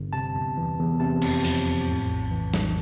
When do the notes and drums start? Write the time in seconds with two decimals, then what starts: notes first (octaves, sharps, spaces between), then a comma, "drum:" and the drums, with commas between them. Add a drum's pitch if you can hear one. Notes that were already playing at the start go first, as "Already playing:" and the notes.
Already playing: G1
0.13 C3 A5
0.35 E2
0.57 E3
0.79 E2
1.00 C3 A5
1.22 F2, drum: cymbal
1.44 F3, drum: open hi-hat
1.66 F2
1.88 A2
2.10 A#1
2.31 E3
2.54 A#1, drum: snare